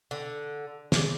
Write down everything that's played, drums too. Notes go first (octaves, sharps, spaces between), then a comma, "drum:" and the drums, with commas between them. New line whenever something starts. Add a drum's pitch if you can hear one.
D3
C#3 A4 D5, drum: snare